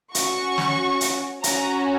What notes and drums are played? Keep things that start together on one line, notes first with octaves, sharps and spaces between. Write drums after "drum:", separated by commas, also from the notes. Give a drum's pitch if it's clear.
C#4 F#4 C#6, drum: hi-hat
drum: snare
drum: hi-hat
C#4 F#4 A#5, drum: hi-hat